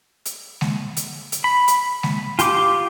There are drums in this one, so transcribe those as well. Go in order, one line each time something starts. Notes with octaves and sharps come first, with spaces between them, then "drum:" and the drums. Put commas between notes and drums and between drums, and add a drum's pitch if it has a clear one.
drum: hi-hat
drum: snare G#3
drum: hi-hat
drum: hi-hat
B5
drum: hi-hat
drum: snare G#3
F4 G4 C6 D6, drum: hi-hat